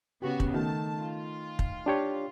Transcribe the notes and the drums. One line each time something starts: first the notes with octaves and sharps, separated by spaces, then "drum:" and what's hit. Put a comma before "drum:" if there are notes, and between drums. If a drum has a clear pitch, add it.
C#3 B3 F#4 G4
drum: kick
D#3 A3 A5
F4
drum: kick
D4 G4 C#5